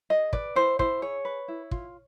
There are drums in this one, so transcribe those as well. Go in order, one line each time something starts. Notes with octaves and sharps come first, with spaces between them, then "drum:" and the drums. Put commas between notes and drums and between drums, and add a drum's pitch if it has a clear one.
G#4 D#5
B4 D5, drum: kick
E4 C5
E4 C5, drum: kick
G#4 C#5
B4
E4
F4, drum: kick